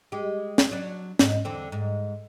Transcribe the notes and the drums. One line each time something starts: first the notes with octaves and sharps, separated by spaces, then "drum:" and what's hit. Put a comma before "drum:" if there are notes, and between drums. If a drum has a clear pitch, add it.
G#3 G4
drum: snare
F#3 D4
G#2, drum: snare
E2 D3 C4
G#2